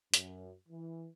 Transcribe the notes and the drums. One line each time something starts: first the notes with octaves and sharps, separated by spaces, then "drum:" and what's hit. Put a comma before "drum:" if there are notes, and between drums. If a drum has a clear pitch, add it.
F#2, drum: hi-hat
E3